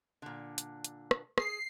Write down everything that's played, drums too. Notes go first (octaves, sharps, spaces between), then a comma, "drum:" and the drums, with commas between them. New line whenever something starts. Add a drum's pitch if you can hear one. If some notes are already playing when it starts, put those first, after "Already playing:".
A#2 D3
drum: hi-hat
drum: hi-hat
drum: rim click
G#4 C7, drum: rim click